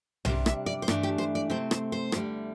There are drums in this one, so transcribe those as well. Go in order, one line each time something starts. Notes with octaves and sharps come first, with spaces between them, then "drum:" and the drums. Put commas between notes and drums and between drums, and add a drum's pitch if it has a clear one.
C3 G3 D4 C5, drum: tom B1
E5, drum: rim click
D5
C5
G2 E3 A3 D4 D5, drum: rim click
G4
C5
D5
C3 A3 C4 C5
C5, drum: rim click
C5
E2 D3 G3, drum: rim click